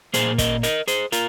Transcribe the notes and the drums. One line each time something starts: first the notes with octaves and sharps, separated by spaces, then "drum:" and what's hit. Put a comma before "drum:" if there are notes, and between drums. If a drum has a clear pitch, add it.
A#2 A#3 G#4 C5, drum: hi-hat
A#4 D#5, drum: kick, hi-hat
A#4 D#5, drum: hi-hat
G#4 C5, drum: hi-hat
F4 A#4, drum: hi-hat